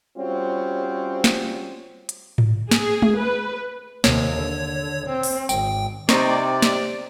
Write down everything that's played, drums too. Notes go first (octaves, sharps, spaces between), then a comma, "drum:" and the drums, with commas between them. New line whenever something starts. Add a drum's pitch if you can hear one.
G3 C4 C#4 F4 F#4 C#5
drum: snare
drum: hi-hat
drum: tom G#2
G#4, drum: snare
drum: tom G#3
B4
D#2 C3 C#5, drum: snare
D3
C4
drum: open hi-hat
G#1 G5, drum: tambourine
C3 C4 D#4 D5 D#5 C#6, drum: snare
drum: snare